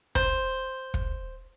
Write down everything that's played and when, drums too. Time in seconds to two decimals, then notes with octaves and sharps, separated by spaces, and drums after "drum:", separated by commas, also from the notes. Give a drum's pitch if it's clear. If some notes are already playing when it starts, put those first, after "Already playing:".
0.15 C5, drum: kick
0.94 drum: kick